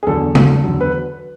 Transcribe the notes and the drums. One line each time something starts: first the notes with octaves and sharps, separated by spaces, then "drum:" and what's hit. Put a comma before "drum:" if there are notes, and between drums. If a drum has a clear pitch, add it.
G#4
E2 D3 F#3 A4
E2 D3 F#3, drum: tom
E2 D3 F#3
B4